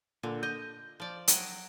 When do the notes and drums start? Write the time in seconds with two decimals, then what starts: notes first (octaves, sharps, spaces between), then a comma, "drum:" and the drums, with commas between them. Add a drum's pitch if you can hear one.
0.23 A#2 D3
0.43 D#5 G6
1.00 F3 D5
1.28 F#3 D#5 G5, drum: hi-hat